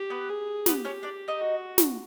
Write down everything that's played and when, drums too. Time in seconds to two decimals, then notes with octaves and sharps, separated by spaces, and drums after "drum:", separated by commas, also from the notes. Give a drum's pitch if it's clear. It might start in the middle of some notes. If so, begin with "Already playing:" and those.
Already playing: G4
0.10 B3 B4
0.29 G#4
0.66 B3 G4 B4, drum: snare
0.85 C#4 C#5
1.03 D4 D5
1.28 D#4 D#5
1.40 F#4
1.78 drum: snare